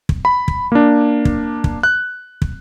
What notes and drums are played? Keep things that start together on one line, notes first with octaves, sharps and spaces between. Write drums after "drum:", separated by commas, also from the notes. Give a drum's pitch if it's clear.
drum: kick
B5
drum: kick
A#3 D4
drum: kick
drum: kick
F#6
drum: kick